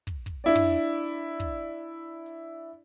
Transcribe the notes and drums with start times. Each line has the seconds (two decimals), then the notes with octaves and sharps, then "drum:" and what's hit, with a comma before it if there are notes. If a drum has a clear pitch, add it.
0.07 drum: kick
0.26 drum: kick
0.44 D4 E4 D5
0.55 drum: tom
1.40 drum: kick
2.26 drum: hi-hat